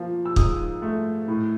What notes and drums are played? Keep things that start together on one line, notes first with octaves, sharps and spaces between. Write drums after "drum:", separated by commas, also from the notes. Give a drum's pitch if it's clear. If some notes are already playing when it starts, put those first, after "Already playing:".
Already playing: F3 A#3
E6
G#2 D#6, drum: kick
A3
A2